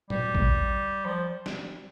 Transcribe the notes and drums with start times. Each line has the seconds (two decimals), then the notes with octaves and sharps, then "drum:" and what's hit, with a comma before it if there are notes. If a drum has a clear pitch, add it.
0.10 G3, drum: tom A#2
0.35 drum: kick A1
1.06 F3
1.46 drum: snare